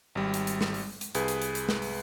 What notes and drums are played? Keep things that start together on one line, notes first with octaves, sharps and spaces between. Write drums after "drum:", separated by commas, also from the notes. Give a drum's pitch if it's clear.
G#1 G3
drum: hi-hat
drum: hi-hat
drum: snare
drum: open hi-hat
drum: hi-hat
C2 G#4 B4, drum: hi-hat
drum: hi-hat
drum: hi-hat
drum: hi-hat
drum: snare
drum: open hi-hat